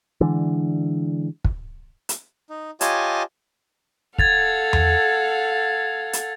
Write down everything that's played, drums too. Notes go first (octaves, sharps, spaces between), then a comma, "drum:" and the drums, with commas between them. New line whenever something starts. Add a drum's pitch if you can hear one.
D3 E3 G#3 D4
drum: kick
drum: hi-hat
D#4
F4 G4 C#5 D#5 G#5 A5, drum: hi-hat
A4 F5 F#5 G#6 A6 F7, drum: kick
drum: tom E2
drum: hi-hat